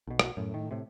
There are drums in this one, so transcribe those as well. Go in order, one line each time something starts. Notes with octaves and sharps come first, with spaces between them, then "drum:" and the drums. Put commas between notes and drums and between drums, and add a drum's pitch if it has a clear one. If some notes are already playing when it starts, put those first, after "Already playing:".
B1 B2
F#4, drum: rim click
F#2 A2
D#3
A2 C3